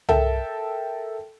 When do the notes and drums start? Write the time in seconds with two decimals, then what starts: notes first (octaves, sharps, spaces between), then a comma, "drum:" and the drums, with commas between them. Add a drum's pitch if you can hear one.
0.09 A4 A#4 E5 G5 A5, drum: tom